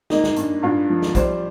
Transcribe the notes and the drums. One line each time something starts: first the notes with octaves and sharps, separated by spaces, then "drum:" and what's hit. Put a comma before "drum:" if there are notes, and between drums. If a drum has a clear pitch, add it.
A#3 D#4, drum: snare
drum: snare
G2, drum: hi-hat
G2 F4
F3
drum: snare
G3 C5, drum: kick, hi-hat